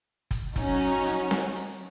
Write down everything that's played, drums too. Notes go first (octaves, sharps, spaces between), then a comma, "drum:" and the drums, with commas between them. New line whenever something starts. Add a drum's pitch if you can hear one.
drum: kick, hi-hat
F#3 C#4 D#4 F#4, drum: kick, hi-hat
drum: hi-hat
drum: hi-hat
drum: snare C4
drum: hi-hat